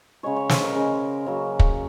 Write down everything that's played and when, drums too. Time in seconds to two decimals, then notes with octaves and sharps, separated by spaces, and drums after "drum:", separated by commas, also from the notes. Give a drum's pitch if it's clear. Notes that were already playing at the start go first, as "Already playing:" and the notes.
0.23 C#3 G#3 C#5
0.36 C#5
0.49 C5, drum: snare
0.63 A#4
0.75 C#3 G#3
1.26 C#3 F#3 A#3
1.59 drum: kick